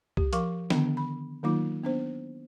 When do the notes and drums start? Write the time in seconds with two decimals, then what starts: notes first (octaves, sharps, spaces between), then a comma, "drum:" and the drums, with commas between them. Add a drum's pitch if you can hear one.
0.17 G4, drum: kick C2
0.33 F3 A#4 F5 C#6 D6, drum: hi-hat
0.70 D3 D#3 B3 D4, drum: snare
0.97 B5
1.43 D#3 F#3 A#3 D#4 F4 D6
1.84 B3 D4 C5